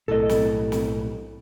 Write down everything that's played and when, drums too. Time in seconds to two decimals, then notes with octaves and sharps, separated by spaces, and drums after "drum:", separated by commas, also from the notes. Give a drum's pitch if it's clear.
0.08 B1 A2 A4 D#5
0.29 drum: snare
0.72 drum: snare